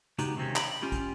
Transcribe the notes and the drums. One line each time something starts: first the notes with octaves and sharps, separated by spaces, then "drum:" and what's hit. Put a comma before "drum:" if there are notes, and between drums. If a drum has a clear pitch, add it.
C#2 B3 D#4 F#4 G4, drum: hi-hat
C3 D#3 C4 C#4
G5 B5, drum: clap
C#4 F4 G4
drum: kick, hi-hat